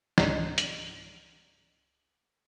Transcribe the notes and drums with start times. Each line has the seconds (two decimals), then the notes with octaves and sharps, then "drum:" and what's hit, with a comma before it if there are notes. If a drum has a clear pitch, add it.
0.18 C#2 G#2 D4 D#5 A#5 C7, drum: snare
0.58 drum: hi-hat